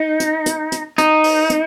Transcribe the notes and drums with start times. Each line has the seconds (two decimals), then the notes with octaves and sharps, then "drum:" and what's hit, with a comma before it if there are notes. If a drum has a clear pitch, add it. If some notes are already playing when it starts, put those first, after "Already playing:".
Already playing: D#4
0.20 drum: hi-hat
0.46 drum: hi-hat
0.72 drum: hi-hat
0.98 D#4, drum: hi-hat
1.24 drum: open hi-hat
1.50 drum: hi-hat